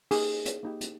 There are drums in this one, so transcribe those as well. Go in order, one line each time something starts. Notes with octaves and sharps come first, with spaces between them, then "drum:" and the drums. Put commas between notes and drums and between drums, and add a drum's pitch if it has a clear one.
A#3 D#4 G4 G#4, drum: open hi-hat
drum: hi-hat
A#3 D#4 G4
drum: hi-hat